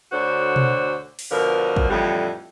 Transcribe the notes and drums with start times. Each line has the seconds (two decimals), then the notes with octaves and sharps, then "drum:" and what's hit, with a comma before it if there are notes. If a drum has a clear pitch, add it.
0.12 D2 D3 F#4 C5 C#5
0.56 drum: tom B2
1.19 drum: open hi-hat
1.31 B2 D3 F3 A#4
1.76 drum: kick
1.90 F2 A2 D3 E3 G3